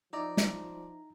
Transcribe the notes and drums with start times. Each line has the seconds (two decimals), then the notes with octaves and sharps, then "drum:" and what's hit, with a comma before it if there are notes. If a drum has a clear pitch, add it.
0.13 F3 D#4 E4 D5 A#5
0.37 drum: snare